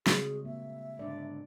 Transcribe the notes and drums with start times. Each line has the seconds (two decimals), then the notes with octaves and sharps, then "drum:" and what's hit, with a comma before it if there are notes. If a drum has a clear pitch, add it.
0.07 C#3 G3 G#3 C4 F#4 G#4, drum: snare
0.45 A#3 E5
0.99 G#2 D3 D5